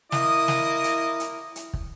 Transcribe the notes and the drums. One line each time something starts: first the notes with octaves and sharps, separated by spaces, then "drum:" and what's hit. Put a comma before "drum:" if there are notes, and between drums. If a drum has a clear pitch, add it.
A#3 E4 D#5 D#6, drum: snare
drum: snare
drum: hi-hat
drum: hi-hat
drum: hi-hat
drum: kick